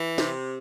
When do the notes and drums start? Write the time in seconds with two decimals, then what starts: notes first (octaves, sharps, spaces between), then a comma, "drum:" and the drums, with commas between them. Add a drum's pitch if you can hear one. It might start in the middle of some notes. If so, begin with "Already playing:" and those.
Already playing: E3
0.18 C3, drum: snare